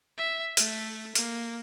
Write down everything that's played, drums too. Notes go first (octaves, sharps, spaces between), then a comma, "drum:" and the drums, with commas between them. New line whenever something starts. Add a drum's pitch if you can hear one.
E5
A3, drum: hi-hat
A#3, drum: hi-hat